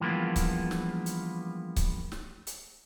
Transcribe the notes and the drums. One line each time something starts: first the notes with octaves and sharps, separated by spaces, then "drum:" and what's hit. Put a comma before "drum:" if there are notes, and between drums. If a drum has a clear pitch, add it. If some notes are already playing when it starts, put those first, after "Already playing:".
G2 E3 F3 G#3 A#3 B3
drum: kick C#1, hi-hat
drum: snare
drum: hi-hat
drum: kick C#1, hi-hat
drum: snare
drum: hi-hat